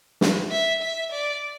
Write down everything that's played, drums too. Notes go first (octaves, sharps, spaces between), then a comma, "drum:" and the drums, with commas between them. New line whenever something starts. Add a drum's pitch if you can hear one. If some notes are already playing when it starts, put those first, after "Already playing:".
drum: snare
E5
E5
D5